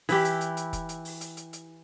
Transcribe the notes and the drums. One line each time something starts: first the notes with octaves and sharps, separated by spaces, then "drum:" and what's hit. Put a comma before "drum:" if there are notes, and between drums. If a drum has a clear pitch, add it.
E3 E4 G4, drum: open hi-hat
drum: hi-hat
drum: hi-hat
drum: hi-hat
drum: kick F1, hi-hat
drum: hi-hat
drum: open hi-hat
drum: hi-hat
drum: hi-hat
drum: hi-hat